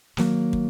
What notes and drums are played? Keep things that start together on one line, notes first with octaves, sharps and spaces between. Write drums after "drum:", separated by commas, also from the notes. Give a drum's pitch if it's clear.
D#3 F#3 A#3, drum: snare
drum: kick